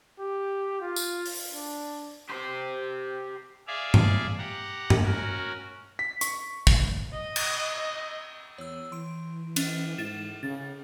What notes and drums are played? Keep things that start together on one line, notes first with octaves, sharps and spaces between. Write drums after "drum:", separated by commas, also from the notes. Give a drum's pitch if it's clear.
G4
F4
drum: tambourine
drum: open hi-hat
D4
G4 C5
G#4 D5 E5 F5
drum: tom G2
G4 F#5 A#5
drum: tom G2
C#4 F#4 A#4
B6
C#6, drum: hi-hat
drum: kick
D#5
drum: cymbal
D#5
E2 C#5 E6
E3 C6 D7
C#4, drum: cymbal
G#2 E4 A6 E7
C#3 A6